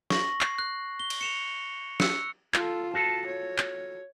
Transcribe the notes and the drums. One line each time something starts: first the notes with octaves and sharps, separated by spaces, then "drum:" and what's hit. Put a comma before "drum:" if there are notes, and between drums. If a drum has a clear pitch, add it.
C#6 A#6 F#7, drum: snare
C7, drum: clap
F#6
G7
drum: cymbal
C#7 E7 F7
E6 F#6 C#7, drum: snare
F4 A4, drum: clap
F4 F#4 A4 A5
C#5
drum: clap